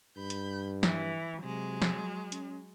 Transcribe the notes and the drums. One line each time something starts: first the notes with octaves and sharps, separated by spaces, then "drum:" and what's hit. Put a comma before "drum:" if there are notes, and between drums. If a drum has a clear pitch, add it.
G2 B5 G6
drum: hi-hat
E3, drum: snare
C3 F#3 G#3
drum: snare
C#4, drum: hi-hat